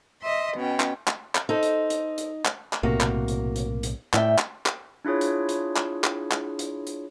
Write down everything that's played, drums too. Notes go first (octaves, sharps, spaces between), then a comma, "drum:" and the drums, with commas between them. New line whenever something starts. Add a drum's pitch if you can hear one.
D#5 E5 C6
B2 C#4 G5
drum: clap
drum: clap
drum: clap
D#4 A4 C5
drum: hi-hat
drum: hi-hat
drum: hi-hat
drum: clap
drum: clap
B1 A2 C3 A#3 F#4
drum: clap
drum: hi-hat
drum: hi-hat
drum: hi-hat
A2 D5 E5 G5, drum: clap
drum: clap
drum: clap
D4 E4 F4 G#4 C#5
drum: hi-hat
drum: hi-hat
drum: clap
drum: clap
drum: clap
drum: hi-hat
drum: hi-hat